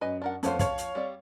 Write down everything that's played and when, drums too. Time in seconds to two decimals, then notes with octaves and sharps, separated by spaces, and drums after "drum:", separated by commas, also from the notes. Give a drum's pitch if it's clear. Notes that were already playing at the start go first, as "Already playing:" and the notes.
0.01 F#2 B4 D#5 G#5
0.22 D4 A#4 F#5
0.43 F2 A3 B3 C5 C#5 F5, drum: hi-hat
0.59 F3 C#5 F5, drum: kick, hi-hat
0.78 drum: hi-hat
0.95 G3 C4 D5